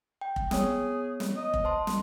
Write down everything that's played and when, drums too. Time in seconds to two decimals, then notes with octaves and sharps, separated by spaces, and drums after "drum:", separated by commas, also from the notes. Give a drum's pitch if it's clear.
0.21 G5
0.36 drum: kick F1
0.51 B3 G#4 C#5, drum: snare
1.20 drum: snare
1.37 D#5
1.54 drum: kick F1
1.64 C5 A5 C6
1.87 drum: snare